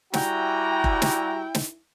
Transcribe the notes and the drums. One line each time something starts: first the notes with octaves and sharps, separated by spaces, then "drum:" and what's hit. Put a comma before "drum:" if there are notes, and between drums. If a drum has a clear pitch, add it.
G3 E4 F#4 E5 G5 G#5 A#5, drum: snare
drum: kick F1
drum: snare
drum: snare